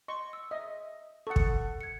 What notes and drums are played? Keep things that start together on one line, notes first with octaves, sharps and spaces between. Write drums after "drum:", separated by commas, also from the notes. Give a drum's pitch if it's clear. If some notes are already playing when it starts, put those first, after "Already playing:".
D#5 C6 C#6
E6
D#5 E5
A4 F#5 C#6 D#6 C#7
drum: kick
G#6 C#7